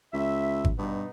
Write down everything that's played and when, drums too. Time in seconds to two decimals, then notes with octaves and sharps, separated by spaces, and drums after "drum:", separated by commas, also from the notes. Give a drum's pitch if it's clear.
0.14 C#2 E5
0.65 drum: kick G#1
0.78 G2 B2 B3 D#4